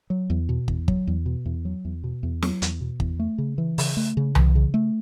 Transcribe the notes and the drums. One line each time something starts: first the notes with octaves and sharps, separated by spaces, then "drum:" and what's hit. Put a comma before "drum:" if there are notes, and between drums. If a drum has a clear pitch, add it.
F#3
E2
B2
E2, drum: kick
F#3, drum: kick
E2
B2
E2
F#3
E2
B2
E2
F#3, drum: snare
E2, drum: hi-hat
B2
E2, drum: kick
A3
C#3
E3
C#3, drum: open hi-hat
A3
C#3
E3, drum: tom C2
C#3
A3